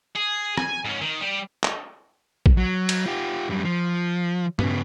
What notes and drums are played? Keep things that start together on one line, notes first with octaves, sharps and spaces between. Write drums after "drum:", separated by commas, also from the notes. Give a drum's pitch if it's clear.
G#4
G#5, drum: rim click
G#2 C#4
D#3
G3 G4
drum: clap
drum: kick A#1
F#3
drum: cymbal
F4 G4
F#2 G3
F3
C#3 B3, drum: tom G2